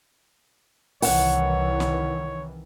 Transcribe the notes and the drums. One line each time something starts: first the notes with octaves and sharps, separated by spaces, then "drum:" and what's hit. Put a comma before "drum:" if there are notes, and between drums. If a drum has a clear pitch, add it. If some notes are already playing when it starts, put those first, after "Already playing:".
C2 D#3 E3 C#5 F#5, drum: open hi-hat
drum: snare